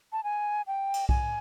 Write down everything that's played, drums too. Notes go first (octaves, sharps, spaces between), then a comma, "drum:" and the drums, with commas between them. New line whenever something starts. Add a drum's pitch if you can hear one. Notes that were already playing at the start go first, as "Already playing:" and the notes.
A5
G#5
G5
drum: cymbal
G#5, drum: kick B1